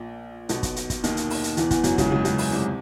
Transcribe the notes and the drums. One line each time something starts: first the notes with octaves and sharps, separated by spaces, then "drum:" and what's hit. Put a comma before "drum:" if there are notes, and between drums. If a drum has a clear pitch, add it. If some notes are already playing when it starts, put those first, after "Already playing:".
Already playing: A#1 A#2
B1 B2, drum: hi-hat
drum: kick, hi-hat
drum: hi-hat
drum: kick, hi-hat
D#2 D#3, drum: hi-hat
drum: hi-hat
drum: open hi-hat
drum: hi-hat
E2 E3, drum: hi-hat
E2 E3, drum: kick, hi-hat
F#2 F#3, drum: hi-hat
C#2 C#3, drum: kick, hi-hat
C#2 C#3
C#2 C#3, drum: hi-hat
drum: open hi-hat
C2 C3